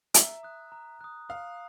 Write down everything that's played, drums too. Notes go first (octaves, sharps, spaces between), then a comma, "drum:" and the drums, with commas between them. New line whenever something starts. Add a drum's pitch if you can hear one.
E5 A#5, drum: hi-hat
D#6 F#6
A#5
D#6 F#6
F5 D#6